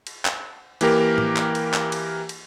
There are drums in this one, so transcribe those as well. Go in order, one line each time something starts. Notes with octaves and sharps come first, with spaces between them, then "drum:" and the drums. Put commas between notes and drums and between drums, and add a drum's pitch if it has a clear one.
drum: cymbal
drum: clap
E3 A#3 G4 A#4, drum: cymbal
drum: tom A2
drum: clap
drum: cymbal
drum: clap
drum: cymbal
drum: cymbal